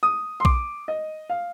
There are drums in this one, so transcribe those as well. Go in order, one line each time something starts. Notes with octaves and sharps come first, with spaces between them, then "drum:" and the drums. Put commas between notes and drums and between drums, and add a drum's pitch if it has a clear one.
D#6
C6
D6, drum: kick B1
D#5
F5